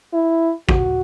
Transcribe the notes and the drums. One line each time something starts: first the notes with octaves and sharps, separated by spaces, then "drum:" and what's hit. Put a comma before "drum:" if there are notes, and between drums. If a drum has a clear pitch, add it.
E4
F#4, drum: kick